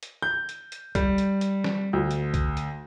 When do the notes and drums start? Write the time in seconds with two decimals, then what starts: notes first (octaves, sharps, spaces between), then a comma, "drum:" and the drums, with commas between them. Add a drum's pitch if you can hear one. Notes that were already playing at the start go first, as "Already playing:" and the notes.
0.03 drum: hi-hat
0.22 G6
0.49 drum: hi-hat
0.72 drum: hi-hat
0.95 G3, drum: kick C2, hi-hat
1.18 drum: hi-hat
1.41 drum: hi-hat
1.64 drum: snare
1.93 D2
2.11 drum: hi-hat
2.34 drum: kick C2, hi-hat
2.57 drum: hi-hat